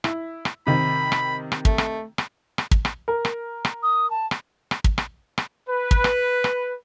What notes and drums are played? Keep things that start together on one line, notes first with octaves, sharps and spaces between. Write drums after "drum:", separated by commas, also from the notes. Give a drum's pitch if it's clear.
E4, drum: rim click
drum: rim click
C3 D#3 B5
drum: rim click
drum: rim click
A3, drum: kick
drum: rim click
drum: rim click
drum: rim click
drum: kick
drum: rim click
A#4
drum: rim click
drum: rim click
D#6
A5
drum: rim click
drum: rim click
drum: kick
drum: rim click
drum: rim click
B4
drum: kick
drum: rim click
drum: rim click